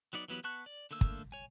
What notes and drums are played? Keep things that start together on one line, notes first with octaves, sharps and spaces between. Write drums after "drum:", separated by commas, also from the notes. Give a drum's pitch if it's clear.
F#3 B3 D#4 D5
E3 F#3 B3 G4 B5
B3 A5 C#6 F#6
D5
D3 A3 A#3 E6
drum: kick
C#5 G#5